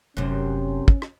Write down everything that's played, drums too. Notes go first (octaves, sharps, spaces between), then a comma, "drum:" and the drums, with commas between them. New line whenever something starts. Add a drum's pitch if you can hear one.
F1 F#2 C3 C#4
drum: kick
drum: rim click